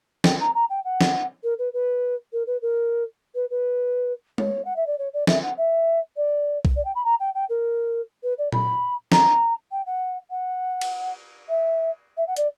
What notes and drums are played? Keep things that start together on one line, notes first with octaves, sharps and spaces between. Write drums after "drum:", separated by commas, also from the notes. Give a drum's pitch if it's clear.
G5, drum: snare
A#5
A#5
G5
F#5
drum: snare
A#4
B4
B4
A#4
B4
A#4
B4
B4
C#5, drum: tom G#3
F#5
E5
D5
C#5
D5
E5, drum: snare
F#5
E5
D5
drum: kick
D5
G5
B5
A#5
G5
G5
A#4
B4
D5
B5, drum: tom A#2
A#5, drum: snare
G5
F#5
F#5
drum: cymbal
E5
E5
F#5
D5, drum: hi-hat